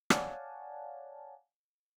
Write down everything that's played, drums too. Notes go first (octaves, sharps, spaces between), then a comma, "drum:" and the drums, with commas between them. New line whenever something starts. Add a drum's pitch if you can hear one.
C#5 D5 F5 F#5 G#5 A5, drum: rim click